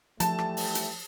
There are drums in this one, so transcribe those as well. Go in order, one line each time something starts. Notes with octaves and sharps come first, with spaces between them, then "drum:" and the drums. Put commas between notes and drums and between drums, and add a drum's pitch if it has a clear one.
E3 F3 G3 A3 A5, drum: hi-hat
drum: rim click
drum: open hi-hat
drum: hi-hat